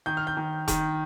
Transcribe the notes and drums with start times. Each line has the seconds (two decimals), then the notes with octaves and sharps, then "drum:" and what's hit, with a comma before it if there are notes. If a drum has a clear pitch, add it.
0.06 D#3 G6
0.17 F6
0.27 G6
0.37 D#3
0.68 D#3, drum: kick E1, hi-hat